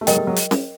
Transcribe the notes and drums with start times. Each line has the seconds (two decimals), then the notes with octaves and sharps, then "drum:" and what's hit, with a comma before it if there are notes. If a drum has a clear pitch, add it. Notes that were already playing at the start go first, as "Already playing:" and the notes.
0.01 A3
0.07 F#3 G#3 A#4 D#5 G5, drum: hi-hat
0.16 G3 A3
0.27 F#3 G#3
0.36 drum: hi-hat
0.51 drum: snare C#4